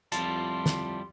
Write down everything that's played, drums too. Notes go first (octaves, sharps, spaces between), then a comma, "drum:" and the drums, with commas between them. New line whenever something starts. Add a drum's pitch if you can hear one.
F2 G3 E4 F4 A5 C6, drum: hi-hat
drum: snare